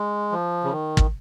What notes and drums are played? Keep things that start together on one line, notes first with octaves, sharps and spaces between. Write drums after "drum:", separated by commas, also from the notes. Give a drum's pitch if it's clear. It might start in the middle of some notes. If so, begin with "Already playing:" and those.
Already playing: G#3
F3
C#3
D#3
drum: kick